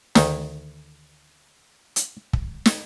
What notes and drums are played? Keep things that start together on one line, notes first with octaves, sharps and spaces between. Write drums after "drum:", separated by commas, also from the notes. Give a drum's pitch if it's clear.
D2 D#3, drum: snare
drum: hi-hat
drum: kick
drum: snare